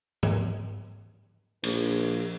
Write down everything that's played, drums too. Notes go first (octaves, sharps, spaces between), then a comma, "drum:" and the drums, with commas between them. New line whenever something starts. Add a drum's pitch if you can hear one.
drum: tom G#2
A#1, drum: cymbal